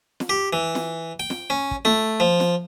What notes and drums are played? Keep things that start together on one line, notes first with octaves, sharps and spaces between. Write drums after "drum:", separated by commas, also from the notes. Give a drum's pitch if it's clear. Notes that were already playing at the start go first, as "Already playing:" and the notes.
drum: snare
G4
E3
drum: snare
G5
drum: snare
C#4
drum: kick
A3, drum: snare
F3
drum: snare